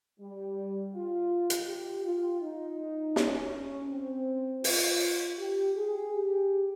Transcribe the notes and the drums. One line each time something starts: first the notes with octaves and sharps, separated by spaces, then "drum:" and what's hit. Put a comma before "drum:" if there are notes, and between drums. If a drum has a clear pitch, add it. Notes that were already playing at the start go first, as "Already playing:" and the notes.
G3
F4
drum: hi-hat
G4
F4
D#4
C#4, drum: snare
C4
F4, drum: open hi-hat
G4
G#4
G4